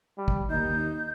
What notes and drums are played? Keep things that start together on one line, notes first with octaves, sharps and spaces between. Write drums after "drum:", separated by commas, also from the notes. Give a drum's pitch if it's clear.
G3
drum: kick
D#2 D#4 G6